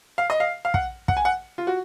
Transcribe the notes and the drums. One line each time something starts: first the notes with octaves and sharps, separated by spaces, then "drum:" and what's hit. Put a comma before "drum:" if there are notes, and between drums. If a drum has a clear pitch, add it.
F5
D#5
F5
F5
F#5, drum: kick
F#5, drum: kick
G#5
F#5
F4
F#4